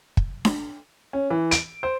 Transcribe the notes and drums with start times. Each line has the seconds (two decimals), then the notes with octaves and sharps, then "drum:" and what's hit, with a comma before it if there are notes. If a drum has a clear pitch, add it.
0.17 drum: kick
0.45 drum: snare D4
1.13 C#4
1.30 E3
1.51 D7, drum: hi-hat
1.83 C5